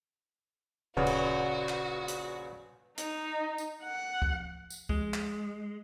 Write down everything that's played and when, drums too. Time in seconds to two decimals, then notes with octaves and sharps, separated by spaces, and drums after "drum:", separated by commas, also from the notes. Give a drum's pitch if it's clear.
0.97 D1 A#1 C#3 F#4 B4 C#5 D5 F#5
1.07 drum: cymbal
1.69 drum: clap
2.08 drum: hi-hat
2.98 D#4, drum: hi-hat
3.58 drum: tambourine
3.83 F#5
4.22 drum: kick
4.70 drum: tambourine
4.89 G#3, drum: kick
5.14 drum: clap